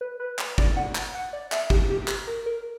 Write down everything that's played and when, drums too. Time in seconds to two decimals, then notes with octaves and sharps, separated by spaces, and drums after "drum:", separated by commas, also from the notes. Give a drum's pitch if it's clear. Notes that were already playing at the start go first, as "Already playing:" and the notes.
0.01 B4
0.20 B4
0.39 drum: clap
0.58 D5, drum: kick
0.77 F#5
0.95 drum: clap
1.14 F#5
1.33 D5
1.52 E5, drum: clap
1.70 G4, drum: kick
1.90 G4
2.08 G4, drum: clap
2.27 A#4
2.46 A#4